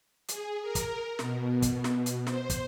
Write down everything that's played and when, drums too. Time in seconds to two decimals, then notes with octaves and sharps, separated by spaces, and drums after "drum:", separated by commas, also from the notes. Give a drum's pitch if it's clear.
0.29 G#4, drum: hi-hat
0.61 A#4
0.75 drum: kick, hi-hat
1.19 B2, drum: snare
1.62 drum: kick, hi-hat
1.84 drum: snare
2.06 drum: hi-hat
2.27 C5, drum: snare
2.50 drum: kick, hi-hat